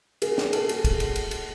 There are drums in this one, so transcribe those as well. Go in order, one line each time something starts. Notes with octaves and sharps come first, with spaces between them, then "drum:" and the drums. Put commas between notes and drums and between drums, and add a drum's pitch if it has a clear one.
G#4 A#4, drum: cymbal
drum: snare
A4, drum: cymbal
G#4, drum: cymbal
drum: kick, cymbal
drum: cymbal
drum: cymbal
drum: cymbal